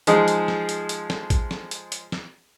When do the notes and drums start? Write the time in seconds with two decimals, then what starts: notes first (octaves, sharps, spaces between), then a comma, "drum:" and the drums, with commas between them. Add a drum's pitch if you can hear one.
0.07 F3 G#3 D#4 G#4, drum: hi-hat
0.28 drum: hi-hat
0.48 drum: snare
0.69 drum: hi-hat
0.89 drum: hi-hat
1.10 drum: snare
1.30 drum: kick A1, hi-hat
1.51 drum: snare
1.71 drum: hi-hat
1.92 drum: hi-hat
2.12 drum: snare